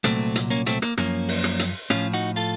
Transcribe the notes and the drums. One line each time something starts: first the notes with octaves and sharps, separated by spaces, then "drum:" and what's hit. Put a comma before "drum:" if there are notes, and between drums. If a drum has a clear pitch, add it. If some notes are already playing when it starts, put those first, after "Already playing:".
C2 A#2 F#3 A3 C4, drum: rim click
drum: hi-hat
A#3 C#4
A3 C4, drum: hi-hat
A#3, drum: rim click
F#2 F3 A#3 C#4, drum: rim click
drum: open hi-hat
drum: rim click
drum: hi-hat
A2 F3 C#4 F4, drum: rim click
D#4 F#4
F4 A4